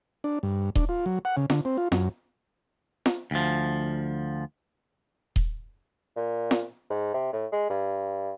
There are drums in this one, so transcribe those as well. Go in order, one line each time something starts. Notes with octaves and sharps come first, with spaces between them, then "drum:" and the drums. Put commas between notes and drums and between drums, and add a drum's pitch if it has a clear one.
D4
G2
D4, drum: kick D#1
F4
F#3
F#5
C#3
D3, drum: snare
C4
F4
F#2, drum: snare
drum: snare
D2 F3
drum: kick D#1
A#2
drum: snare
G#2
C3
A2
G#3
G2